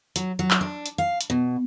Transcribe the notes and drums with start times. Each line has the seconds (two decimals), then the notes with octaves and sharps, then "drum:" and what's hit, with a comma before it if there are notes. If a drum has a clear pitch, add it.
0.16 F#3, drum: hi-hat
0.39 F#3
0.51 drum: clap
0.61 D4
0.86 drum: hi-hat
0.98 F5
1.21 drum: hi-hat
1.30 B2